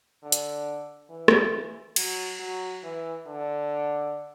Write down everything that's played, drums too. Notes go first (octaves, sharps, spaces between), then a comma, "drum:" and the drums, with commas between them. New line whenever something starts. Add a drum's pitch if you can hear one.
D3
drum: hi-hat
E3
drum: rim click
F#3, drum: cymbal
F#3
E3
D3